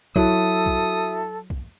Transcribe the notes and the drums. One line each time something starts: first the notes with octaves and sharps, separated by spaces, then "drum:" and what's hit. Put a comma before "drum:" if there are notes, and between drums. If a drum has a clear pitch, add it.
F#3 E4 F#4 A4 D#6, drum: kick B1
drum: kick B1
drum: kick B1